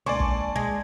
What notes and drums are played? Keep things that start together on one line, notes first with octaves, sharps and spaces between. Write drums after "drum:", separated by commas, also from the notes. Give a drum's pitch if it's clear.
C#2 A#3 D4 D5 G#5 C6 C#6 C7
drum: kick
G#3 G#6